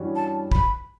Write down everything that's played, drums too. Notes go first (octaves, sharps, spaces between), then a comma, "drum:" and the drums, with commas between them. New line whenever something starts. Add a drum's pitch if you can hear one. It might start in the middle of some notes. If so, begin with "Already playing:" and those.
Already playing: G2 E3 G3 C#4 F#4
A5
B5, drum: kick